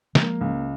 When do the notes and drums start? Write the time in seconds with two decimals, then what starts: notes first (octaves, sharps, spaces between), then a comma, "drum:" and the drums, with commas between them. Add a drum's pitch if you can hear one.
0.15 F3 G#3 A#3, drum: snare
0.41 C#2